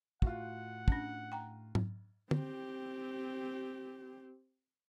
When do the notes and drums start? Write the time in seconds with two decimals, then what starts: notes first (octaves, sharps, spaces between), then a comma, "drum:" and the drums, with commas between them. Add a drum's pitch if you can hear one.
0.22 A2 F4 F#4 F#5, drum: kick
0.88 C#4 D4, drum: kick
1.32 G5 A#5
1.75 drum: tom G#2
2.31 C4 G4, drum: tom